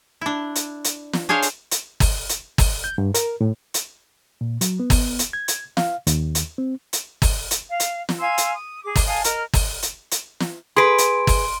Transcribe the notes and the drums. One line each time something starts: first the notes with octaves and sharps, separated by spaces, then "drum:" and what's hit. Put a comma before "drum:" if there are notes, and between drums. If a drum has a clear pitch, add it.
D4 E4
drum: hi-hat
drum: hi-hat
drum: snare
D4 G#4 C5 C#5 F5
drum: hi-hat
drum: hi-hat
drum: kick, open hi-hat
drum: hi-hat
drum: kick, open hi-hat
G6
G2
A#4, drum: hi-hat
A2
drum: hi-hat
A#2
F#3, drum: hi-hat
B3
drum: kick, open hi-hat
drum: hi-hat
G#6
drum: hi-hat
F5, drum: snare
D#2, drum: hi-hat
drum: hi-hat
C4
drum: hi-hat
drum: kick, open hi-hat
drum: hi-hat
F5
drum: hi-hat
drum: snare
F5 G#5 C6 E6
drum: hi-hat
D#6
G#4 D6
drum: kick, open hi-hat
F5 G#5 A5 D#6
A#4 D#5 F6, drum: hi-hat
drum: kick, open hi-hat
drum: hi-hat
drum: hi-hat
drum: snare
G#4 B4 C6 D7
drum: hi-hat
drum: kick, open hi-hat